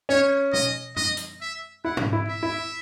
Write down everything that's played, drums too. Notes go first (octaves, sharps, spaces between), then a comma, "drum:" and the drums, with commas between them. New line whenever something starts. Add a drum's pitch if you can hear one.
C#4 C#5
D#5, drum: tom B2
D#5, drum: tom F#2
drum: hi-hat
E5
E4 F#5
drum: tom G#2
E4
E5
E4